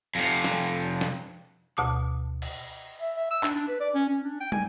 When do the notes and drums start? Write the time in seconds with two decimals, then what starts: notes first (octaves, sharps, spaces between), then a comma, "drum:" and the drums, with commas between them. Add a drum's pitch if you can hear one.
0.15 F2 C3
0.44 drum: snare
1.01 drum: snare
1.77 D2 B2 A5 D6 D#6
2.42 drum: cymbal
3.01 E5
3.17 E5
3.31 E6
3.43 D4, drum: clap
3.55 D4
3.68 B4
3.80 D5
3.94 C#4
4.09 C#4
4.24 D4
4.40 G5
4.52 G#5, drum: tom